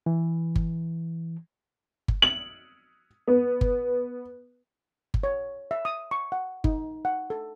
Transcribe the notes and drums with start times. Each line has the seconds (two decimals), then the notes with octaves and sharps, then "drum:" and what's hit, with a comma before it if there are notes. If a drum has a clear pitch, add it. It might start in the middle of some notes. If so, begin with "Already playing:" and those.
0.06 E3
0.56 drum: kick G1
2.08 drum: kick G1
2.22 F#7
3.28 B3
3.61 drum: kick G1
5.14 drum: kick G1
5.23 C#5
5.71 E5
5.85 D#6
6.11 C#6
6.32 F#5
6.64 D#4, drum: kick G1
7.05 F#5
7.30 A4